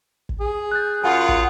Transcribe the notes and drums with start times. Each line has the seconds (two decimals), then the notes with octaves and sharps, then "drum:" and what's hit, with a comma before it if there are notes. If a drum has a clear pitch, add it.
0.29 drum: kick
0.40 G#4
0.71 F#6 G6 A6
1.04 F#2 F4 F#5 G#5 D#6
1.29 drum: kick